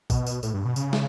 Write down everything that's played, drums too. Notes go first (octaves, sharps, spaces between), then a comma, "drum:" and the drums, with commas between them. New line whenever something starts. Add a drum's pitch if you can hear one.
B2, drum: kick, tambourine
drum: tambourine
A2, drum: tambourine
G2
B2
C#3, drum: tambourine
drum: snare